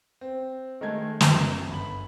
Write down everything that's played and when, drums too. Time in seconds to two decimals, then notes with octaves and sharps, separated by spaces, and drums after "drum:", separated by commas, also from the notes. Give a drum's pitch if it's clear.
0.21 C4
0.81 D#3 G#3 A3 G#6
1.21 F#2, drum: snare
1.70 G1 B5 F#7